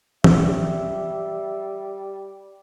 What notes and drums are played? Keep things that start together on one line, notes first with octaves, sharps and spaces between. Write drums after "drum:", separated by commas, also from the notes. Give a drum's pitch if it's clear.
G3 E5, drum: tom E3